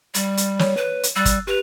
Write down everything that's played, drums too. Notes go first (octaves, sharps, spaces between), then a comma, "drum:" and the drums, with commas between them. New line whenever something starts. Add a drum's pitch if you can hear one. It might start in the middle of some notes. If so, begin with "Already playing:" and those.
G3, drum: hi-hat
drum: hi-hat
C#5, drum: snare
B4
drum: hi-hat
G3 E6 F#6 A6
drum: kick, hi-hat
G4 B4 F7